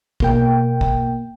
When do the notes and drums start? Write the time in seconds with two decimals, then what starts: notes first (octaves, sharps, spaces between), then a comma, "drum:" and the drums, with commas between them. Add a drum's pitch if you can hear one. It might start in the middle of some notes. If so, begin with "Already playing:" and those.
0.20 B2 A#3 G5, drum: kick
0.81 drum: kick